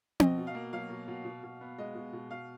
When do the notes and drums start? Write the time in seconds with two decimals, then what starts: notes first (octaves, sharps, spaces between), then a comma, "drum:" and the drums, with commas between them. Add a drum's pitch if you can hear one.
0.20 B2 D#5, drum: tom C4
0.38 B2
0.47 F5
0.55 A#3
0.73 F#3 F5
0.90 B2
1.08 B2
1.25 B2
1.43 B2
1.61 B3
1.78 G#3 D#5
1.95 B2
2.13 B2
2.30 B2 F5